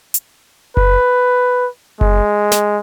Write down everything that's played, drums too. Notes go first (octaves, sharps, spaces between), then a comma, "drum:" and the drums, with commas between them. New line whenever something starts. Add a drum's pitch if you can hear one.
drum: hi-hat
B4, drum: kick F#1
G#3, drum: kick F#1
drum: snare